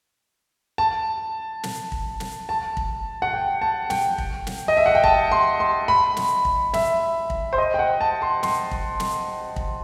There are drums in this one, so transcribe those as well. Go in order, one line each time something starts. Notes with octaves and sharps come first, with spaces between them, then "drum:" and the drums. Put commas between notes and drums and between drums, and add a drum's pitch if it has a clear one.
A5
drum: snare
drum: kick
drum: snare
A5
drum: kick
F#5
G5
A5
G5, drum: snare
drum: kick
drum: snare
D#5
E5
F#5
G5
A5, drum: kick
C6
C6
B5
drum: snare
drum: kick
E5, drum: snare
drum: kick
C5
D#5
G5
F#5
A5
C6
C6, drum: snare
drum: kick
drum: snare
drum: kick